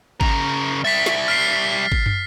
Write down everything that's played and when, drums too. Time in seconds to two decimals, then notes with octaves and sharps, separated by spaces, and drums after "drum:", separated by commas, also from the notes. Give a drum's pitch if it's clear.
0.21 C#3 A#4, drum: kick G#1
0.85 G3 E5 A6 B6
1.06 drum: snare
1.28 F6 B6 C7
1.92 drum: kick G#1
2.06 drum: tom